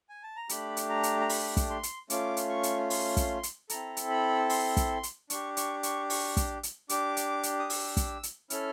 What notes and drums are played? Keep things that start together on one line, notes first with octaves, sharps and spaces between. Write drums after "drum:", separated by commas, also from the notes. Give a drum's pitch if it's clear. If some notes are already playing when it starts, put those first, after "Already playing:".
G#5
A5
A#5
A3 D4 G4 B5, drum: hi-hat
drum: hi-hat
A#5
drum: hi-hat
A#5
B5, drum: open hi-hat
drum: kick, hi-hat
C6
drum: hi-hat
A3 C#4 F4 D6, drum: hi-hat
drum: hi-hat
C#6
drum: hi-hat
C6, drum: open hi-hat
drum: kick, hi-hat
drum: hi-hat
C4 E4 A4 A#5, drum: hi-hat
drum: hi-hat
B5
C6, drum: open hi-hat
drum: kick, hi-hat
drum: hi-hat
D4 G4 C#6, drum: hi-hat
C#6, drum: hi-hat
C#6, drum: hi-hat
C#6, drum: open hi-hat
drum: kick, hi-hat
drum: hi-hat
D4 G4 D6, drum: hi-hat
drum: hi-hat
drum: hi-hat
D#6
E6, drum: open hi-hat
drum: kick, hi-hat
drum: hi-hat
C#4 E4 A4 F6, drum: hi-hat